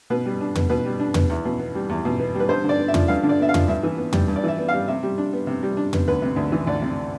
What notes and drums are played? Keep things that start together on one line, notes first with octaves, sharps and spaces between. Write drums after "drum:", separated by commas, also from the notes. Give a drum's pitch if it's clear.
B2 B4
G3
D4
B3, drum: tom
B2 B4
G3
D4
B3, drum: tom
E2
B2
B3
G3
E2
B2
B3
G3
B4
G2 C5
D3
D5
B3
E5
F3, drum: tom
G2 F5
D3
D5
B3 E5
F5
F3, drum: tom
G2 E5
E3
B3
G3, drum: tom
G2
D5
E3 E5
B3
G3 F5
C3 E5
G3
D4
B3
C3
G3
D4
B3, drum: tom
D2 B4
C3
D2
E3
D2 D5
C3